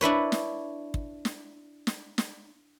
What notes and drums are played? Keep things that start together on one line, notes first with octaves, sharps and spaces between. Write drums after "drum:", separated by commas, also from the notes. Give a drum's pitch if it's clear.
D4 E4 B4 C#5
drum: snare
drum: kick
drum: snare
drum: snare
drum: snare